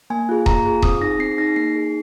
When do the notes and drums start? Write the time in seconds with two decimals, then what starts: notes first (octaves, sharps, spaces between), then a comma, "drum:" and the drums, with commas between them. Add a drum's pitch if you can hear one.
0.10 A#3 G#5
0.29 F4 G#4
0.46 A#3 A#5, drum: kick D#1
0.65 F4 G#4
0.82 C4 D#6, drum: kick D#1
1.01 D#4 G#4 A#6
1.19 C4 C7
1.38 D#4 G#4 A#6
1.56 A#3 C7
1.74 D#4 G#4